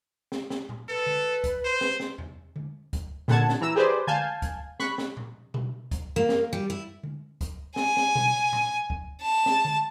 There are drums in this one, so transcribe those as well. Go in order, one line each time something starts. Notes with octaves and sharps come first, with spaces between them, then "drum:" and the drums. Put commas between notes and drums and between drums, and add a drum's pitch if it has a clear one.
drum: snare
drum: snare
drum: tom A#2
A4 B4
drum: tom D3
drum: kick, hi-hat
C5
drum: snare
drum: snare
drum: tom E2
drum: tom D3
drum: kick, hi-hat
A#2 D3 F#5 A5 G#6, drum: snare
drum: snare
E3 A#5 E6
G4 G#4 B4 C5 D5
F5 G#5 A5 G6 G#6, drum: tom D3
drum: kick, hi-hat
B5 C#6 F#6 B6, drum: snare
drum: snare
drum: tom A#2
drum: tom B2
drum: kick, hi-hat
A#3
drum: snare
G3
E4
drum: tom D3
drum: kick, hi-hat
G#5, drum: snare
drum: snare
drum: tom B2
drum: tom A#2
drum: kick
A5
drum: snare
drum: tom D3